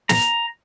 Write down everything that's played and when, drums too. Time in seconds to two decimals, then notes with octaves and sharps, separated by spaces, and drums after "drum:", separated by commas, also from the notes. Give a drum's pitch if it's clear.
0.09 A#5, drum: snare